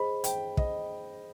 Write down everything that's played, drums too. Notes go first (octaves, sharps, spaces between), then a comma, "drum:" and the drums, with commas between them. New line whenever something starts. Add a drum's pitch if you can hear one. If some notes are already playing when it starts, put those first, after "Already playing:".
Already playing: G#4 C5 D#5 B5
G5, drum: hi-hat
D#5, drum: kick